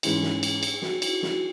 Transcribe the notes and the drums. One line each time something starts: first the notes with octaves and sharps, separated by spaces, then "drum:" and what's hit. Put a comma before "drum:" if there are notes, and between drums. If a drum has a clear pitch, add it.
G#2 E3 G#3 C#4 E4 G#4, drum: cymbal
drum: snare
drum: cymbal
drum: cymbal
F#4, drum: snare
E4, drum: cymbal
F#4, drum: snare